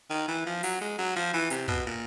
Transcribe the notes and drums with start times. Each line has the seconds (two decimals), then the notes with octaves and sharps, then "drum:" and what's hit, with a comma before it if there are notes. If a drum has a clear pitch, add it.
0.10 D#3
0.28 E3
0.46 F3
0.63 F#3, drum: open hi-hat
0.81 G#3
0.98 F#3
1.16 F3
1.33 E3
1.50 C3, drum: hi-hat
1.68 B2, drum: kick
1.86 A#2